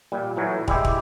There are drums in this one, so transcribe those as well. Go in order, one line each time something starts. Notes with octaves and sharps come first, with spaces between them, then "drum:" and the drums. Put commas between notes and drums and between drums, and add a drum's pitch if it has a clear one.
A#2 G3
A2 E3 F#3
G3 G#3 E4 G4, drum: kick
drum: kick